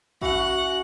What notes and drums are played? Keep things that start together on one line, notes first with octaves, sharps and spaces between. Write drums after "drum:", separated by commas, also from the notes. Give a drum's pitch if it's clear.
C#4 E4 F#4 F#5, drum: kick